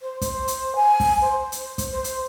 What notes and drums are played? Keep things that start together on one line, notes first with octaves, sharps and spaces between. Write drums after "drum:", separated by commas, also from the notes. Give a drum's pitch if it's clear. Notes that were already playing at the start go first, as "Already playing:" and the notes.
C5
C5, drum: kick, hi-hat
drum: hi-hat
G#5
drum: kick, open hi-hat
C5
drum: hi-hat
drum: kick, hi-hat
C5
drum: hi-hat